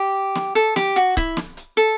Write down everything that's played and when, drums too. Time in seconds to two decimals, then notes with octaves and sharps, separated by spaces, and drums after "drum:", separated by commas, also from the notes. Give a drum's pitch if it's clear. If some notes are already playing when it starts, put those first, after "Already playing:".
Already playing: G4
0.35 drum: snare
0.55 A4
0.76 G4, drum: snare
0.96 F#4
1.17 E4, drum: kick C#1, hi-hat
1.37 drum: snare
1.57 drum: hi-hat
1.77 A4